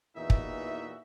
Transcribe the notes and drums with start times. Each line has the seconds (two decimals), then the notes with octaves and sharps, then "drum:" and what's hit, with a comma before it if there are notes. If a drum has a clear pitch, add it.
0.17 E2 A#2 E3 D#4 F#4 E5
0.30 drum: kick